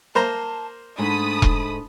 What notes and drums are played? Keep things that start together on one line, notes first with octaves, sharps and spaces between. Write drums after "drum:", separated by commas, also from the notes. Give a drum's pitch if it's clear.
A#3 C5 A5 A#5
G#2 G#3 A3 D4 A5 B5 D#6
drum: kick E1